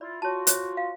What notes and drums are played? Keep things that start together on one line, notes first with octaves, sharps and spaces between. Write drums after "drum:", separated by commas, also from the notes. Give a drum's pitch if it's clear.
E4 F4 D5
F4 F#4 C#5 A5
C5 C#5, drum: hi-hat
F5